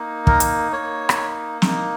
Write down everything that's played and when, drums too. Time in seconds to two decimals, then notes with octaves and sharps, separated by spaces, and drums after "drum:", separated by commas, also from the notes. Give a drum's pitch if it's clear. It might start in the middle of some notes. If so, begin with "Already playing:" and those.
Already playing: A#3 D#4
0.27 A#4, drum: kick
0.40 drum: hi-hat
0.72 A#3 D#4 C#5
1.09 drum: rim click
1.62 A#3 D#4, drum: snare